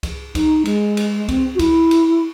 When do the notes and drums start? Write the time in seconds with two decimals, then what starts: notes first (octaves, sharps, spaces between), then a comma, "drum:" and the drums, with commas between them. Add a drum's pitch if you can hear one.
0.03 drum: kick C#2, cymbal
0.35 D#4, drum: kick C#2, cymbal
0.65 G#3, drum: cymbal
0.97 drum: cymbal
1.28 C4, drum: kick C#2, cymbal
1.55 F#4
1.59 E4, drum: kick C#2, cymbal
1.91 drum: cymbal